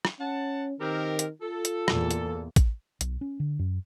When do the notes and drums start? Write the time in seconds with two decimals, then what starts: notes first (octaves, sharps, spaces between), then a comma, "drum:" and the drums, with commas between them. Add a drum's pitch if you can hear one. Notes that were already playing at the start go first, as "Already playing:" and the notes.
0.05 drum: rim click
0.20 C#4 F#5 A5
0.80 D#3 C4 G4 A#4
1.19 drum: hi-hat
1.42 F4 A4
1.65 drum: hi-hat
1.88 E2 A#2, drum: rim click
2.11 drum: hi-hat
2.56 drum: kick A1, hi-hat
3.01 B1, drum: hi-hat
3.21 C#4
3.40 D3
3.59 F#2